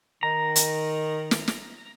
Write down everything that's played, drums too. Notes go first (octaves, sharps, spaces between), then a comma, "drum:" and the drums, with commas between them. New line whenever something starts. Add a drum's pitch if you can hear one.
D#3 A#5
drum: hi-hat
drum: snare
drum: snare